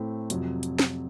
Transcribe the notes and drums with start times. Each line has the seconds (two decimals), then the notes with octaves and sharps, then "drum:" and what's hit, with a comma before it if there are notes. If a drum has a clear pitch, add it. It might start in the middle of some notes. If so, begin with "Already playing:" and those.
Already playing: A2 A3 C4
0.30 F2 C3 F#3, drum: hi-hat
0.63 drum: hi-hat
0.79 drum: snare